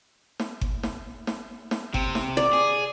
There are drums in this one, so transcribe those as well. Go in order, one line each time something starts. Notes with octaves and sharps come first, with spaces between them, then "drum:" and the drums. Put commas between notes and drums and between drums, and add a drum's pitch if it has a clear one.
drum: snare
drum: kick G1
drum: snare
drum: snare
drum: snare
C3 C4, drum: kick G1
drum: snare
D5
G#4